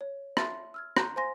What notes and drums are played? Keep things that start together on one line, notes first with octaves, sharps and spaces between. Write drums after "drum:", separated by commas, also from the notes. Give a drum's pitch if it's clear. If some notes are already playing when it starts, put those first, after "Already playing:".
C#5
E5 A5 C6 A6, drum: rim click
E6 F6 G#6
A5 A#5 C6 C#6 F#6 G6, drum: rim click
C5 F5 G#5 C6 A#6